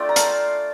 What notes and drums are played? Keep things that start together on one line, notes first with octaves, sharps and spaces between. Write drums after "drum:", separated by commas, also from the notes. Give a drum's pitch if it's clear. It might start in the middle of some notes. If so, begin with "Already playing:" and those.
Already playing: A3 D4 F4 D5 G5 C6
A#5
F5 A5, drum: hi-hat